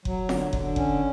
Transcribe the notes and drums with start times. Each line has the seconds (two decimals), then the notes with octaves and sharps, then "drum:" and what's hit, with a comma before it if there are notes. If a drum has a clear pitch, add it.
0.05 F#3, drum: kick F#1
0.29 D3, drum: snare F4
0.53 D3, drum: kick F#1
0.76 C#4, drum: kick F#1